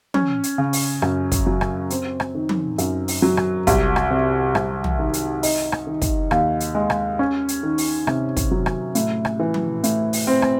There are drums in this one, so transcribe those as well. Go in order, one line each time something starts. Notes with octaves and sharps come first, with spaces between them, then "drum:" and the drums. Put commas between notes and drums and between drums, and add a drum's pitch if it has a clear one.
C#4, drum: tom F3
drum: hi-hat
C#3
drum: open hi-hat
F#2, drum: rim click
drum: kick, hi-hat
F#3
drum: rim click
C4, drum: hi-hat
drum: rim click
D#3
drum: tom F3
F#2, drum: hi-hat
drum: open hi-hat
F#3
drum: rim click
C2, drum: kick, hi-hat
drum: rim click
C3
C2, drum: rim click
drum: tom
D#3
drum: hi-hat
D#4, drum: open hi-hat
drum: rim click
D#3
drum: kick, hi-hat
D#2, drum: rim click
drum: hi-hat
G#3
drum: rim click
C#4
drum: hi-hat
D#3
drum: open hi-hat
C3, drum: rim click
drum: kick, hi-hat
F#3
drum: rim click
A2, drum: hi-hat
drum: rim click
E3
drum: tom F3
A2, drum: hi-hat
drum: open hi-hat
C4
drum: rim click